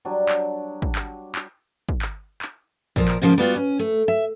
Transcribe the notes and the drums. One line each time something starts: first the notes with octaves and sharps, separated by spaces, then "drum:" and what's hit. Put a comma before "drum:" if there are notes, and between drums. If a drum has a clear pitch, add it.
F#3 G3 D4
drum: clap
drum: kick
drum: clap
drum: clap
drum: kick
drum: clap
drum: clap
A#2 F3 A#4, drum: kick
drum: clap
G#2 C#3 F3 A3 A#3
G3 B3 F4 F#4
C#4
A3
E5